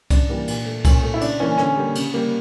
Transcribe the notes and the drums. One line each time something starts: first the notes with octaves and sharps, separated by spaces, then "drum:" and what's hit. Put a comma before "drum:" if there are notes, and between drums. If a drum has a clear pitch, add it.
C#3 D4, drum: kick C2, cymbal
E3 G3 A#3
A#2, drum: cymbal
A3
A#2 C#4, drum: kick C2, cymbal
A3
E4
C#3 D4, drum: cymbal
E3 A#3 C#4
D3 C#4, drum: rim click
G3 A#3
C#3, drum: cymbal
G3 A#3